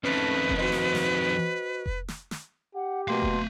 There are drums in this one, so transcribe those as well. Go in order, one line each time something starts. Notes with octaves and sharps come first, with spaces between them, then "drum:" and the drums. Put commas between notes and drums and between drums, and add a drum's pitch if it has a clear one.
F2 D#3 A3 C#4 B4
drum: kick F1
F#4 C5 D#5
drum: snare
drum: snare
drum: kick F1
drum: snare
drum: snare
G4 F#5
B2 A3 A#3 F5 C6
drum: kick F1